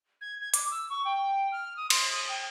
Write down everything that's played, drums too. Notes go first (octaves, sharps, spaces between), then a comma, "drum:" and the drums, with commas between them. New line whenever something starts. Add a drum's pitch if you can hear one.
G#6
G#6
D6, drum: hi-hat
E6
C#6
G5
F6
D#6
C6, drum: cymbal
D#6
G5